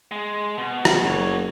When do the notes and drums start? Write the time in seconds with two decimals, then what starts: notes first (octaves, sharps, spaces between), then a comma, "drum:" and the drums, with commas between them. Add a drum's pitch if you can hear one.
0.12 G#3
0.58 B2
0.85 drum: rim click
1.04 F#1 B2 C#5